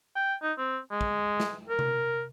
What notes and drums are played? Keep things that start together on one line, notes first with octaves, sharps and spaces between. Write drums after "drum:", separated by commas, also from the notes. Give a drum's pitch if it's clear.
G5
D#4
C4
G#3
drum: kick
drum: snare
A#4
drum: tom C3